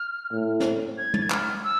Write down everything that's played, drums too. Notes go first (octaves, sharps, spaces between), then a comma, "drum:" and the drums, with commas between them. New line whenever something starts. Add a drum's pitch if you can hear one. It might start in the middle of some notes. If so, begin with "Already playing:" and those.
Already playing: F6
A2
drum: snare
G#6
A6, drum: tom
G#6
F6, drum: clap
E6